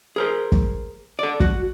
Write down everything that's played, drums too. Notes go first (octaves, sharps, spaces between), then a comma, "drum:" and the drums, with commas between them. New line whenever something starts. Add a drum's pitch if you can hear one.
G#4 A#4 C5
drum: kick
A4 D5
F#4, drum: kick